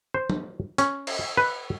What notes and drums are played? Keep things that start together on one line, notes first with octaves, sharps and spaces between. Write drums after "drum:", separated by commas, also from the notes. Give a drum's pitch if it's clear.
C5
drum: tom F#3
C#4, drum: hi-hat
drum: cymbal
B4